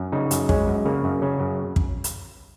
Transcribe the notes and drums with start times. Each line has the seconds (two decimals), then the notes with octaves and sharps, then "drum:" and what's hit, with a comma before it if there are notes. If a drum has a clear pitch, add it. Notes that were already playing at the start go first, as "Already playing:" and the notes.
Already playing: F#2
0.12 C#3 D#4
0.31 F#2, drum: hi-hat
0.49 G#3 C#4, drum: kick
0.67 F#2
0.85 C#3 A#3
1.04 F#2
1.22 C#3 C#4
1.40 F#2
1.76 drum: kick
2.04 drum: hi-hat